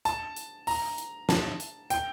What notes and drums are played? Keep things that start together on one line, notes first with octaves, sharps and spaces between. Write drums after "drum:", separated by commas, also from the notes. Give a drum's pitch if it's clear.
A5, drum: hi-hat
drum: hi-hat
A#5, drum: open hi-hat
drum: hi-hat
A5, drum: snare
drum: hi-hat
G5, drum: hi-hat